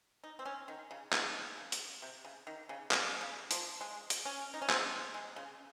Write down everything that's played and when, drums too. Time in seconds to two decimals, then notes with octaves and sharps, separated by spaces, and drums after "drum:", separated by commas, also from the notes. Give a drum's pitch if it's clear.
0.24 D#4
0.39 C4
0.46 C#4
0.68 D#3
0.91 C#3
1.13 D#3, drum: clap
1.57 C#3
1.72 drum: hi-hat
2.02 C3
2.25 C#3
2.47 D#3
2.69 C#3
2.91 drum: clap
3.21 C#3
3.51 F3, drum: hi-hat
3.81 G#3
4.10 drum: hi-hat
4.25 C#4
4.54 D#4
4.62 C#4
4.70 C4, drum: clap
5.14 G#3
5.36 C#3